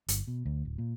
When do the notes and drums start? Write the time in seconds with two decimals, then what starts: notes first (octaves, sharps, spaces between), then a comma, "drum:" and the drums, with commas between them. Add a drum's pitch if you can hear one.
0.08 G1, drum: hi-hat
0.28 B2
0.45 D2
0.65 D1
0.78 A#2